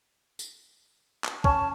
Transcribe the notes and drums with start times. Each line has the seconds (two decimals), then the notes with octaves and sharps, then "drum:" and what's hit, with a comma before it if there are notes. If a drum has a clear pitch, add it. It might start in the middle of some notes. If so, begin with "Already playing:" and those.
0.39 drum: tambourine
1.24 drum: clap
1.44 C#4 A5, drum: kick C2